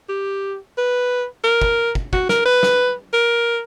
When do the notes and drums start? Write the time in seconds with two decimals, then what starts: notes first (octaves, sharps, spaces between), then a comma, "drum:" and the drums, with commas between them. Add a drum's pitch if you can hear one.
0.09 G4
0.78 B4
1.44 A#4
1.62 drum: kick
1.95 drum: kick
2.13 F#4, drum: kick
2.29 A#4, drum: snare
2.45 B4
2.63 drum: snare
3.13 A#4